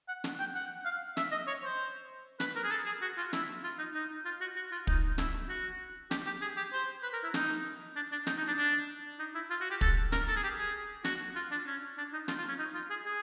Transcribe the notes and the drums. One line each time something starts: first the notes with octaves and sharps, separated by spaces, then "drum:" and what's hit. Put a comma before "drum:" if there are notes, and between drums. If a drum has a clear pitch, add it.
F#5
drum: snare
G5
F#5
F5
E5, drum: snare
D#5
C#5
C5
B4, drum: snare
A#4
G#4
A4
G#4
F#4
F4
E4, drum: snare
F4
D#4
D#4
F4
F#4
F#4
F4
D#4, drum: kick
E4, drum: snare
F#4
G4, drum: snare
G4
G#4
G4
C5
B4
A#4
E4
D#4, drum: snare
D4
D4
D#4, drum: snare
D#4
D4
D4
D#4
E4
F4
F#4
G4
A4, drum: kick
A#4, drum: snare
A4
G#4
G4
G#4
F#4, drum: snare
F4
D4
C#4
D4
D#4
F4, drum: snare
F4
C#4
D#4
F4
G#4
G#4